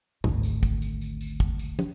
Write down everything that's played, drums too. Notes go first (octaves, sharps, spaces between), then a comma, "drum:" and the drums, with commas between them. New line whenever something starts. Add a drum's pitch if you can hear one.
G#1 D2, drum: tom
drum: tambourine
drum: kick, tambourine
drum: tambourine
drum: tambourine
drum: tambourine
drum: kick
drum: tambourine
drum: tom